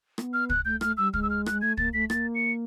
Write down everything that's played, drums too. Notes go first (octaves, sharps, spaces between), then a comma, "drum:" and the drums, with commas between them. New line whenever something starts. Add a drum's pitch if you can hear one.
B3, drum: rim click
F6
F#6, drum: kick
A3 G6
A3 F6, drum: rim click
G3 E6
G#3 F6, drum: kick
E6
F6
G#3 F#6, drum: rim click
A3 G#6
A#3 A6, drum: kick
A3 B6
A#3 A6, drum: rim click
C#7